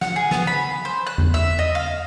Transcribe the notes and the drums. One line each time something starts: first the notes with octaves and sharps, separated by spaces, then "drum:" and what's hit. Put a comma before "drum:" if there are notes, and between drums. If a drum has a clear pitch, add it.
F#5, drum: snare
G#4
B3, drum: snare
B5
C5
F#6
drum: tom E2
E5
D#5
F5